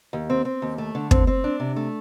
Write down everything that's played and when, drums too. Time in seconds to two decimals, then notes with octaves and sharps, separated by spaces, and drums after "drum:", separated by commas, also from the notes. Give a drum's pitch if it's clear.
0.13 D#2
0.30 C4
0.45 C4
0.62 D#2
0.78 A3
0.95 D3
1.11 C4, drum: kick
1.27 C4
1.44 D4
1.60 C3
1.76 A3